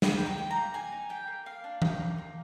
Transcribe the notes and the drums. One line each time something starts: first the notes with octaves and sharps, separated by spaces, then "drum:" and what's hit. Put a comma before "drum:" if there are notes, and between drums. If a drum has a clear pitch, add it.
A#3 G5, drum: snare
D#4
G5
G4
A#5
A#3
A#3 G#5
D#4
G4 G5
A#3
A#3 F5
D4
G4, drum: tom E3
A#3
A#3